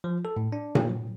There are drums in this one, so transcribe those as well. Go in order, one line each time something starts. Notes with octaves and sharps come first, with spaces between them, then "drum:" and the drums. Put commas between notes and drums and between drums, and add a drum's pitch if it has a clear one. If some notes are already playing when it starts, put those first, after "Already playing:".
F3
A4
A2
D4
A#3, drum: tom A#2
F#3